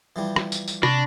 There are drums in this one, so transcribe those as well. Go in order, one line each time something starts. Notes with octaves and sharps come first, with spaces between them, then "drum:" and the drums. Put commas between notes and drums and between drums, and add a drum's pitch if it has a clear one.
E3 F3 G3
drum: rim click
drum: tambourine
drum: tambourine
C3 D4 B5 C#6 A#6, drum: rim click